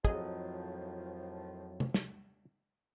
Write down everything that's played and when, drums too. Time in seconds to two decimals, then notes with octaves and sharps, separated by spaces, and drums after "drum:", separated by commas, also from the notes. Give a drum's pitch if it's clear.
0.05 F2 A2 D#3 F3 F#3 G#4 D#5, drum: kick
1.80 drum: tom C3
1.94 drum: snare